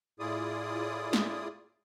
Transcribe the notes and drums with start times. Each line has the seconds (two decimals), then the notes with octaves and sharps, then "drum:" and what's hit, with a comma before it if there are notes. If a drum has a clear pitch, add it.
0.19 A2 E4 F4 G#4 D5 D#6
1.13 drum: snare